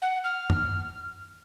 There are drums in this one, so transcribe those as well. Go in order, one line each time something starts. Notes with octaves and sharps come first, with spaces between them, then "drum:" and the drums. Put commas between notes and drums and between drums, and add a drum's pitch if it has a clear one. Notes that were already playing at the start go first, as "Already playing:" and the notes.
F#5
F6
drum: tom F#2